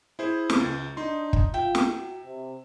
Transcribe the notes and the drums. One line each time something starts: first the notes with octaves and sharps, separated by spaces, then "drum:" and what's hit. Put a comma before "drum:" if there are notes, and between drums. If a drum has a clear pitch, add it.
E4 G#4 C5
drum: snare
C#2
D4 D#4 C6
drum: kick
F4 E5 G5
drum: snare
F#4
C3